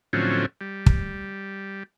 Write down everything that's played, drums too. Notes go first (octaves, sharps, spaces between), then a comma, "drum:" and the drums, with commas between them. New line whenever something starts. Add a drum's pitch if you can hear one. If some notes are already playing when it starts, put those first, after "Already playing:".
A2 D3 F3 F#3 C4 C#4
G3
drum: kick